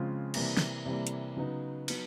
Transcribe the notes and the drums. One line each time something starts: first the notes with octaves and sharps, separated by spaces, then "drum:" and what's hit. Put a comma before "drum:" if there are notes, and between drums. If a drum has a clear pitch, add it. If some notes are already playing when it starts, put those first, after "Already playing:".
Already playing: C#3 F3 G#3 C4 F4
C3 E3 G3 A#3, drum: cymbal
drum: snare
C3 E3 G3 A#3
drum: hi-hat
C#3 F#3 B3 D#4
F#3 B3 D#4, drum: cymbal